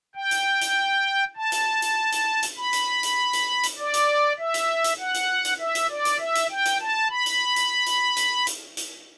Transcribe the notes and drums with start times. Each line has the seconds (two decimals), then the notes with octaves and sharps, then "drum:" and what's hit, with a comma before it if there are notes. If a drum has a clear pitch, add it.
0.15 G5
0.31 drum: hi-hat
0.61 drum: hi-hat
1.36 A5
1.52 drum: hi-hat
1.82 drum: hi-hat
2.12 drum: hi-hat
2.43 drum: hi-hat
2.57 B5
2.73 drum: hi-hat
3.03 drum: hi-hat
3.33 drum: hi-hat
3.63 drum: hi-hat
3.78 D5
3.94 drum: hi-hat
4.39 E5
4.54 drum: hi-hat
4.84 drum: hi-hat
4.99 F#5
5.14 drum: hi-hat
5.45 drum: hi-hat
5.60 E5
5.75 drum: hi-hat
5.90 D5
6.05 drum: hi-hat
6.20 E5
6.35 drum: hi-hat
6.50 G5
6.66 drum: hi-hat
6.81 A5
7.10 B5
7.26 drum: hi-hat
7.56 drum: hi-hat
7.86 drum: hi-hat
8.17 drum: hi-hat
8.47 drum: hi-hat
8.77 drum: hi-hat